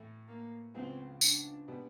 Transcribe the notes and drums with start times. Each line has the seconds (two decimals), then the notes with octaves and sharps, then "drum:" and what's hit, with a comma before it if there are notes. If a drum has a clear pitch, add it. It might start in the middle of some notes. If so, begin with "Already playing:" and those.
Already playing: A2 E3 A3
0.28 A#3
0.74 C#2 C#3 F3 G#3 B3 C4
1.21 D4, drum: tambourine
1.68 B2 G#3 B3 D4 G4